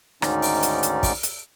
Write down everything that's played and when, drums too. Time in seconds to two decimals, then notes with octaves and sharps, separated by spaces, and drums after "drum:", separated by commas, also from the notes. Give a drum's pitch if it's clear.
0.22 D2 G#2 D#3 C#4 D#4 D5, drum: rim click
0.42 drum: open hi-hat
0.63 drum: hi-hat
0.83 drum: hi-hat
1.03 drum: kick, open hi-hat
1.23 drum: hi-hat